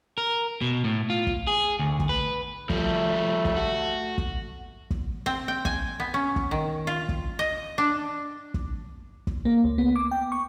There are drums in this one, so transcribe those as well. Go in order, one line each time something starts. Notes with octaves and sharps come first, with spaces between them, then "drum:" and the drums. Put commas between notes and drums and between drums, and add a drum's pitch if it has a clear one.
A#4
B2
A2
F4
drum: kick
G#4
D2
drum: kick
B4
F3 G3 A3, drum: kick
drum: kick
F#4
drum: kick
drum: kick
C4
G5
G#5, drum: kick
B3
C#4
drum: kick
D#3
F4
drum: kick
D#5
D4
drum: kick
drum: kick
A#3
C#2
B3
D6
G5
C#6